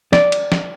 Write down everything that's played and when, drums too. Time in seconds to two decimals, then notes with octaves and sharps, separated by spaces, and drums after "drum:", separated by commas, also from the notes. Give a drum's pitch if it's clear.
0.13 D5, drum: snare
0.32 drum: cymbal
0.52 drum: snare